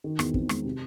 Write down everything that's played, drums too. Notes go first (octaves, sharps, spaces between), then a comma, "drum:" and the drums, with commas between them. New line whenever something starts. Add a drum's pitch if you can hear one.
D#3
E2, drum: rim click
C4, drum: kick
G#3, drum: rim click
C3